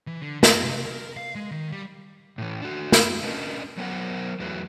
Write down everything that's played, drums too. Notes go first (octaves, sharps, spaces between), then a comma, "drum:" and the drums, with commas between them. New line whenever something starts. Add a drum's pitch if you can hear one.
E3
D3
D#5, drum: snare
C3
A#4
F5
G#3
D#3
G3
A2 E3
D4 F#4
drum: snare
C#4 D4 A#4 B4 D5 D#5
F#3 A3 B3 A#4 C5 F#5
E2 F#3 A3 B4